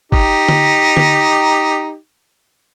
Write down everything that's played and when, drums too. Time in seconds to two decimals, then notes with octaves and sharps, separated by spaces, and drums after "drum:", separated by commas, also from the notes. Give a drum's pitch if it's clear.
0.12 D#4 G4, drum: kick G1
0.49 drum: tom D3
0.97 drum: tom D3